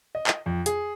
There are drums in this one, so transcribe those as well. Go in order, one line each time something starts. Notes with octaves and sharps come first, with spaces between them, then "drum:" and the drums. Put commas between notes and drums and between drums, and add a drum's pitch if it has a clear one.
D#5
drum: clap
F2
G#4, drum: hi-hat